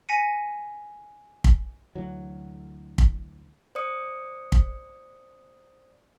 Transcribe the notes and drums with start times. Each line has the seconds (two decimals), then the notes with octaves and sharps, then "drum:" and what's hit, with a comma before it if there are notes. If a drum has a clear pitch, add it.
0.09 G#5 A#6 B6 C#7 D#7
1.44 drum: kick
1.95 D2 E3 F#3
2.98 drum: kick
3.75 C5 D5 D#6 C#7
4.52 drum: kick